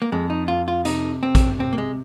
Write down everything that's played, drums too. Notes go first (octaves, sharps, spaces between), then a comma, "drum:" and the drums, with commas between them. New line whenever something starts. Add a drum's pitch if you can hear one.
A#3
F2 G#3
D#4
F2 F4
F4
C3 D#4, drum: hi-hat
C3 C4
drum: kick, hi-hat
C3 C4
A#3
G#3